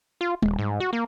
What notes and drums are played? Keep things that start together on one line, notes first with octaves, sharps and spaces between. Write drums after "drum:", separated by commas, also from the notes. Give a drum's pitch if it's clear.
F4
D#1, drum: tom G3
G#2
F#4
A#3